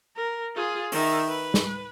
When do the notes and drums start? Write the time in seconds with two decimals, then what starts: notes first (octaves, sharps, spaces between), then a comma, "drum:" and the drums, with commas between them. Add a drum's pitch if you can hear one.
0.16 A#4
0.56 F4 G#4
0.92 D#3 E5, drum: open hi-hat
1.28 B4
1.54 drum: snare